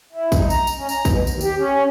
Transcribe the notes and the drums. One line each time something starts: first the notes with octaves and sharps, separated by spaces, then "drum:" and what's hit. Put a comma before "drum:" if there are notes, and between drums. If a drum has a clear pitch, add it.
E4
D#4, drum: kick, tambourine
A#5, drum: tambourine
drum: tambourine
C#4
A#5, drum: tambourine
B2, drum: kick, tambourine
D#2, drum: tambourine
G4, drum: tambourine
C#4